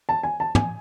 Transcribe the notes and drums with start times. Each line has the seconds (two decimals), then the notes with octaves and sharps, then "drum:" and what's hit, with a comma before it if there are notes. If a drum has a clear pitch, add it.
0.09 A5
0.23 G#5
0.40 A5
0.55 G#5, drum: tom